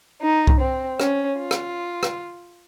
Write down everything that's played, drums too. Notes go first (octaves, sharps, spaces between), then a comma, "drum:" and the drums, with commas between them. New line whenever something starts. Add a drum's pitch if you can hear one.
D#4
drum: kick C2
C4
C#4, drum: rim click
F4
drum: rim click
drum: rim click